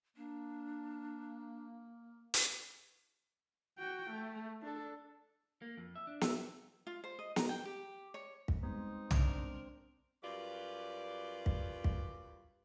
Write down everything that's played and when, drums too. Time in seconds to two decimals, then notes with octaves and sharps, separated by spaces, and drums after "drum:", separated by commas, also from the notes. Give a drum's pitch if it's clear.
0.17 A#3 D4
2.34 drum: hi-hat
3.78 F#4 G5
4.10 A3
4.62 D4 A4
5.62 A#3
5.77 F2
5.96 E5
6.07 D4
6.21 E5, drum: snare
6.87 F4
7.04 C5
7.19 D#5
7.36 A#5, drum: snare
7.49 G5
7.65 G4
8.14 C#5
8.48 drum: kick
8.63 G3 G#3 B3 C4 D#4
9.11 D4 A#4, drum: tom
10.23 F#2 G3 F4 B4 D5
11.46 drum: kick
11.84 drum: kick